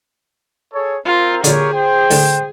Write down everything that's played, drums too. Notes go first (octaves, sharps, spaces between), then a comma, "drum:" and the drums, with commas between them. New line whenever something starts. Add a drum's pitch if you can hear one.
G#4 A4 C#5
C4 F4 A#4
A#2 D3 G4 G#4 A#4 C#5, drum: hi-hat
C5 G5
A2 D3, drum: open hi-hat